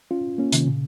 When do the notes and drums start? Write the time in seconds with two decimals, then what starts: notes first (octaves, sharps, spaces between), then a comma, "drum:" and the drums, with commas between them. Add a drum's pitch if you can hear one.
0.11 C#4 F4
0.38 A#3 C#4
0.52 C3 D#3, drum: hi-hat
0.67 A#2 C#3